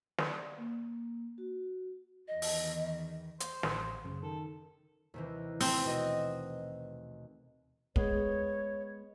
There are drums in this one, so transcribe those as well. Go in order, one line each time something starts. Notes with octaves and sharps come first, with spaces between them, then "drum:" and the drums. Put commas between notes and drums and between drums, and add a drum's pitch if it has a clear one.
D5, drum: snare
A#3
F#4
E2 D#3 D#5
drum: open hi-hat
C5, drum: hi-hat
A1, drum: snare
F#2 C#3
D#3 A4
D#2 C3 E3
A3 C4, drum: open hi-hat
B2 F#4 D#5
G#3 B3 C#5, drum: kick